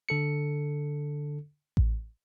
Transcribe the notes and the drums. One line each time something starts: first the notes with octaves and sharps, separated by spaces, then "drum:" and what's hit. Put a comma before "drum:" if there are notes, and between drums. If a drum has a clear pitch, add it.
D3 A4 C#7
drum: kick A1